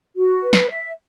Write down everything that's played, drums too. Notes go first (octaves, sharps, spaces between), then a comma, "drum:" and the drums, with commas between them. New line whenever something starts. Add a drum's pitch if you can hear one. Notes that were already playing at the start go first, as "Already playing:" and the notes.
F#4
B4
drum: snare
E5